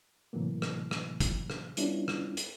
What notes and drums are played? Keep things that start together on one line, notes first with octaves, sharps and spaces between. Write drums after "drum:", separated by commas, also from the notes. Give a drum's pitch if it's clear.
A2 C3 E3 F#3 A#3
drum: rim click
drum: rim click
drum: kick, hi-hat
drum: rim click
G3 B3 C#4 D4 E4 F4, drum: hi-hat
drum: rim click
drum: hi-hat